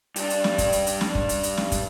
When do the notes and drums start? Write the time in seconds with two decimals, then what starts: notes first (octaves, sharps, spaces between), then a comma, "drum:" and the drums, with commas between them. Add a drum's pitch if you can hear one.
0.16 G2 D4, drum: hi-hat
0.30 drum: hi-hat
0.44 drum: snare
0.58 drum: kick, hi-hat
0.72 drum: hi-hat
0.87 drum: hi-hat
1.01 drum: snare
1.15 drum: kick
1.29 drum: hi-hat
1.43 drum: hi-hat
1.57 drum: snare
1.72 drum: kick, hi-hat